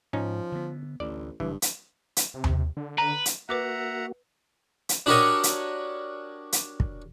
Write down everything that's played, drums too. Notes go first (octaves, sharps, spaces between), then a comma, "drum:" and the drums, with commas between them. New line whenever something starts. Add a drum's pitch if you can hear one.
G#2 F3 C#4 D#4
D3 B3
A1 D2 D5
F#1 G2 E3
drum: hi-hat
drum: hi-hat
C3
drum: tom D#2
D3
B4 A#5
drum: hi-hat
A#3 F#4 B4 E5 F#5 A#5 D6 F#6
drum: hi-hat
D4 F#4 G4 A#4 C#5 D#5
drum: hi-hat
drum: hi-hat
drum: kick